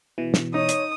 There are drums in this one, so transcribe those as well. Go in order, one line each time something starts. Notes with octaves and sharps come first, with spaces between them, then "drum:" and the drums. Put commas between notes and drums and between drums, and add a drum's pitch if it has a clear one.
B2 E3
drum: snare
D#4 C#5 D#6
drum: hi-hat